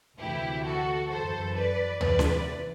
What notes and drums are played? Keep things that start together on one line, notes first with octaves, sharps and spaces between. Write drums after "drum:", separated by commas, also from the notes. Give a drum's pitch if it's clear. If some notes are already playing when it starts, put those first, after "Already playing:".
D2 C3 E3 E4 G4
F#4 A4
F#2 E3 A4 C5
B4 D5
E2 C3 E3 B4 D5, drum: tom
drum: snare C#4